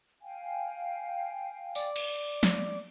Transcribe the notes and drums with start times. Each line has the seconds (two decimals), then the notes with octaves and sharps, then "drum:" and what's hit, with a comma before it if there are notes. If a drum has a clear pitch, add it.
0.21 F5 G5 G#5
1.75 D5, drum: tambourine
1.96 drum: cymbal
2.43 drum: snare